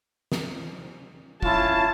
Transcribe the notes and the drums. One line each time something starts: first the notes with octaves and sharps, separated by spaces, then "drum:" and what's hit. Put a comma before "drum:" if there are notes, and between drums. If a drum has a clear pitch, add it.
drum: snare
C#4 E4 F4 A5, drum: kick